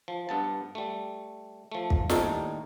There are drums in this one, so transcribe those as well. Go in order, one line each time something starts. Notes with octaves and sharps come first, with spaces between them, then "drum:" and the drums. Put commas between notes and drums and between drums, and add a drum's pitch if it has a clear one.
F3
G2 B3 A5
G3 A3
F3 A3
drum: kick
D#2 A2 G3 D#4 A#4 A5, drum: snare